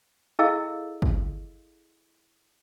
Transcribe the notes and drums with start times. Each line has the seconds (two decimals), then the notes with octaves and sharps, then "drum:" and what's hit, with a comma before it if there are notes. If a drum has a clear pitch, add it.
0.39 E4 G#4 A4 D#5 F5 E6
1.02 drum: kick